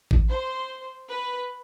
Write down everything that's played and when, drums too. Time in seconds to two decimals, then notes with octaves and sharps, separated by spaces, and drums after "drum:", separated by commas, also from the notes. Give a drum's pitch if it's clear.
0.11 drum: kick A1
0.29 C5
1.08 B4